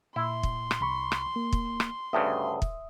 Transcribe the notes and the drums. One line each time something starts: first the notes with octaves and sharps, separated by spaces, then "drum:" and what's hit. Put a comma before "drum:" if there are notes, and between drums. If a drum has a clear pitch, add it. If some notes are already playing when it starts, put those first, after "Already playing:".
A#2 E4 C6
drum: kick
drum: rim click
C2 B5 C#6
drum: rim click
A#3
drum: kick
drum: rim click
D2 G2 C#3 E5 D#6
drum: kick